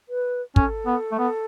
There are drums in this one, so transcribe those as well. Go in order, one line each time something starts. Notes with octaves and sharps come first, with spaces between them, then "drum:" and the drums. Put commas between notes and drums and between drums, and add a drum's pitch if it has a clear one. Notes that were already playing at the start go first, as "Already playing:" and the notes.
B4
C#4 A4, drum: kick
B3
A3
B3